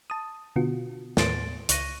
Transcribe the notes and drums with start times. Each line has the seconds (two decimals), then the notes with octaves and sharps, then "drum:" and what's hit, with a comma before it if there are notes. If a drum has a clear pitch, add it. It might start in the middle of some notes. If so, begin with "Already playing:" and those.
0.10 A5 D#6
0.56 B2 D3 B3 F4 F#4
1.17 D#2 A2 B4 C6 A6 D7, drum: snare
1.69 C#2 C#6 F#6 A#6 D#7, drum: hi-hat